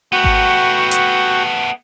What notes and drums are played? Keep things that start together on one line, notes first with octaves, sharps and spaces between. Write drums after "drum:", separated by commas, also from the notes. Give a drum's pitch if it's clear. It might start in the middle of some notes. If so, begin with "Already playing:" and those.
A3 B3 F#4 F#5 G5
drum: kick G#1
drum: hi-hat